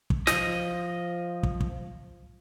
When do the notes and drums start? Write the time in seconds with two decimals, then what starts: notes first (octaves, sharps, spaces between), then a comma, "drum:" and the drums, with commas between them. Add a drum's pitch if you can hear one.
0.10 drum: kick
0.27 F3 D#5, drum: snare
1.43 drum: kick
1.60 drum: kick